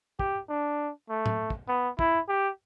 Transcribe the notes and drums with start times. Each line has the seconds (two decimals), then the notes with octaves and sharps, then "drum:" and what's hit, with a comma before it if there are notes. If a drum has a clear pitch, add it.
0.19 G4, drum: kick
0.49 D4
1.10 A3
1.26 drum: tom A2
1.50 drum: kick
1.68 B3
1.99 E4, drum: kick
2.29 G4